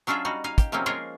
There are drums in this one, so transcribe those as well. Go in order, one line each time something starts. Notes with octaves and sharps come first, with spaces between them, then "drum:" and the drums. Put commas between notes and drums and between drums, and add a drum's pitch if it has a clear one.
F#3 C#4 D4 F4 G#4 E5
G3 D#4 F#4
D#4 F5 G#5
G4, drum: kick, hi-hat
C3 F3 F#3 A#3 C4 C#4
G#3 A#3 F4 G#4 A#4 C#5